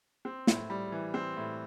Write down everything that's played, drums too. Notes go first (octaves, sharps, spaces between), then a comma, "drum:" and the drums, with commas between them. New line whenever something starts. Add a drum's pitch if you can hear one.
C4
A2, drum: snare
G3
E3
C4
A2